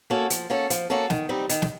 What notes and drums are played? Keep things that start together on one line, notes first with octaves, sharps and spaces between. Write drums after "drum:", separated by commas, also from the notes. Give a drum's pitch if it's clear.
A#3 C#4 F#4 A4
F3, drum: hi-hat
A#3 C#4 F#4 A4
F3, drum: hi-hat
A#3 C#4 F#4 A4
D#3, drum: snare
G3 C4 D#4
D#3, drum: hi-hat
drum: snare